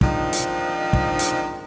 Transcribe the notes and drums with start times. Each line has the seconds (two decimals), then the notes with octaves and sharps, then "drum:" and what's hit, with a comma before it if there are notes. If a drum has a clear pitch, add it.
0.01 D#3 F3 G#3 C4 D4 D#4, drum: kick
0.33 drum: hi-hat
0.93 drum: kick
1.19 drum: hi-hat